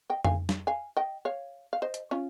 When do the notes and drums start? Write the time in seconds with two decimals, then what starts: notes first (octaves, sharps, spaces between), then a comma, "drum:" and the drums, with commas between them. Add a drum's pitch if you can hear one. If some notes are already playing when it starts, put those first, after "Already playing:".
0.10 D#5 G5
0.24 F5 G#5, drum: tom F2
0.49 drum: snare
0.67 F5 G#5
0.97 D#5 G5
1.25 C#5 F5
1.73 F5
1.82 C5 D#5
1.94 drum: hi-hat
2.11 C#4 F4